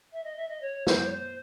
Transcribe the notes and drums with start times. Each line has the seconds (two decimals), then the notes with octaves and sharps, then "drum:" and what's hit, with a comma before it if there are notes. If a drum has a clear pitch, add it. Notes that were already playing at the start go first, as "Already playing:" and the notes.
0.12 E5
0.23 D#5
0.36 E5
0.48 D#5
0.61 C#5
0.87 C5, drum: snare
1.05 C#5
1.11 C5